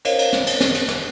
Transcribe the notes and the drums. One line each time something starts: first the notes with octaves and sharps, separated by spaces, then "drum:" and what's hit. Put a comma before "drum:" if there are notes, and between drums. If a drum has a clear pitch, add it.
A#4 C5 C#5 D#5 F5, drum: cymbal
drum: cymbal
drum: snare
drum: cymbal
drum: snare
drum: cymbal
drum: snare